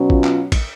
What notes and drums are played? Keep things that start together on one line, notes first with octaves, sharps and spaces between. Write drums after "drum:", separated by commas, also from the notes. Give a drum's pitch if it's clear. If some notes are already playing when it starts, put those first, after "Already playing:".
Already playing: B2 F#3 C#4
F4, drum: kick A1
drum: clap
drum: kick A1, cymbal